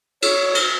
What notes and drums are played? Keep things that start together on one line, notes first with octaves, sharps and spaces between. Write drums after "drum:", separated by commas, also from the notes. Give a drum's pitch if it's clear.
C#5, drum: cymbal
drum: cymbal